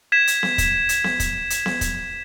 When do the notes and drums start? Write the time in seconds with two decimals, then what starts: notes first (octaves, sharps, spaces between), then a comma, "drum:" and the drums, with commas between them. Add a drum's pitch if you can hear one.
0.12 G#6 B6 E7
0.27 drum: hi-hat
0.43 drum: snare B3
0.58 drum: kick, hi-hat
0.89 drum: hi-hat
1.04 drum: snare B3
1.20 drum: kick, hi-hat
1.50 drum: hi-hat
1.66 drum: snare B3
1.81 drum: kick, hi-hat